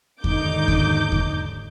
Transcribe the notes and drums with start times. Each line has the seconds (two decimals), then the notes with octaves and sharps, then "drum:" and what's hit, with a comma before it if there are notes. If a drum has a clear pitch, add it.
0.24 G#1 D#2 D3 D#4 D6 G6, drum: kick E2
0.68 drum: kick E2
1.12 drum: kick E2